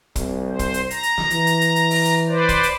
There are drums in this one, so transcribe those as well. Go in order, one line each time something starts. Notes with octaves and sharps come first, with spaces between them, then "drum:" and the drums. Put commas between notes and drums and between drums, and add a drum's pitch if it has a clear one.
C2, drum: kick, hi-hat
C5
drum: kick, hi-hat
drum: hi-hat
A#5, drum: hi-hat
drum: hi-hat
drum: snare
E3, drum: hi-hat
drum: hi-hat
drum: hi-hat
drum: hi-hat
drum: open hi-hat
drum: hi-hat
B4 C5 D5
drum: kick, hi-hat
drum: hi-hat